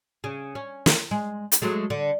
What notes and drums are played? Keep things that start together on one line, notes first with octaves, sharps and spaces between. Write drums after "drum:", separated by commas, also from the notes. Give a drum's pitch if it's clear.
C#3
C#4
drum: snare
G#3
drum: hi-hat
F#3 G#3 A3
D3